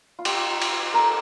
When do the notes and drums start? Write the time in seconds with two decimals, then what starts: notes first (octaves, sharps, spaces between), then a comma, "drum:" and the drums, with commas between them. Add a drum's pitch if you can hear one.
0.19 F4
0.25 G4, drum: cymbal
0.62 drum: cymbal
0.94 A4 A#4